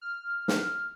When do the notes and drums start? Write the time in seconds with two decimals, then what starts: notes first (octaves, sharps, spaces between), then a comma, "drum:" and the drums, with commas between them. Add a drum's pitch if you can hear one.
0.01 F6
0.48 drum: snare